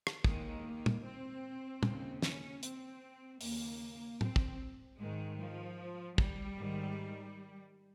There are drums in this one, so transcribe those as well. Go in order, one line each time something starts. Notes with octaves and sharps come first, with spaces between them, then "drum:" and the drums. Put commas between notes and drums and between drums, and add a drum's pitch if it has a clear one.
drum: rim click
D#2 D#3 G#3, drum: kick
A#3
drum: tom
C4
D#2 C#3, drum: tom
C#4, drum: snare
C4, drum: hi-hat
D#2 C#3 A#3, drum: open hi-hat
C4, drum: tom
drum: kick
G#2 D#3 G#3
F3
G3, drum: kick
G#2 D#3